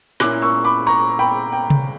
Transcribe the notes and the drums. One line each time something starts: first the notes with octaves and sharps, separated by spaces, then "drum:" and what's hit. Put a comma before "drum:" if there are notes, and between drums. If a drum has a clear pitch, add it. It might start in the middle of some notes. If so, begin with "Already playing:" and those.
A#2 A#3 C#4 E4 D6 F#6, drum: snare
C#6 E6
B5 D6
A#5 C#6
G5 B5
G5
drum: tom C3